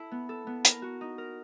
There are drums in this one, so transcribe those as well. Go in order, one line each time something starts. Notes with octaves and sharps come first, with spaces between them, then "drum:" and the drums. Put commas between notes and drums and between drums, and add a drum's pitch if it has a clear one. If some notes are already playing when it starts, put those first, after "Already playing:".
Already playing: E4 A4
B3
A4
B3
A#4, drum: hi-hat
F#4
D#4
A#4